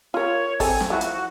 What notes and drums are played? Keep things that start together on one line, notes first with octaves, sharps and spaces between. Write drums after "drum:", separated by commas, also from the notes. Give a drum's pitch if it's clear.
F4 A#4 C#5
C4 A4 G#5, drum: kick, open hi-hat
drum: snare
F3 E4 F#4
drum: hi-hat